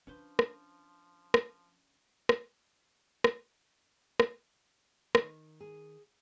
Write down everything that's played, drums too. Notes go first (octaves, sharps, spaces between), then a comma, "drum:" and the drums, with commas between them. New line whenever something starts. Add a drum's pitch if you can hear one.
F3 C#4 D4 B4 C5
drum: rim click
drum: rim click
drum: rim click
drum: rim click
drum: rim click
D#3, drum: rim click
G#4